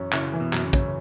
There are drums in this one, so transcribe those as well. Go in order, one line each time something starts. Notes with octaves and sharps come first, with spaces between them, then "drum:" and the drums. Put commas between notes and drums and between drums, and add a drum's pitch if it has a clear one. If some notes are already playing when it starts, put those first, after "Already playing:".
Already playing: F#2 E3 C#4
C#3 E4, drum: clap
E3
B2
F#2, drum: clap
C#3
C#4, drum: kick